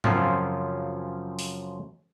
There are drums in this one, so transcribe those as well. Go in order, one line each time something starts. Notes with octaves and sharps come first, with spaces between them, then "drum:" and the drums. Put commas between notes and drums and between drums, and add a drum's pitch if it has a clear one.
F#2 C#3 F3 C4 C#4 F4, drum: tom G#2
drum: open hi-hat